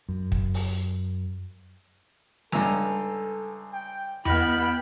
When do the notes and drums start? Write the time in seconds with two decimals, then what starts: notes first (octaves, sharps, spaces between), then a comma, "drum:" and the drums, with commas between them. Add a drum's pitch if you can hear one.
0.09 F#2
0.32 drum: kick
0.54 drum: open hi-hat
2.52 C#2 G2 A4 G#5 A#5 E6, drum: snare
3.72 G5
4.25 B3 E4 D#5 G5 B5 F6, drum: tom E2